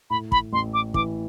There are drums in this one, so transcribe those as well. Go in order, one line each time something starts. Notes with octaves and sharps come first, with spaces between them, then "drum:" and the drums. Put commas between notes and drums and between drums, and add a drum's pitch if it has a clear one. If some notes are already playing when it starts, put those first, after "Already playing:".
A2 B5
B5, drum: kick
A1 C6
D6
E3 D6, drum: kick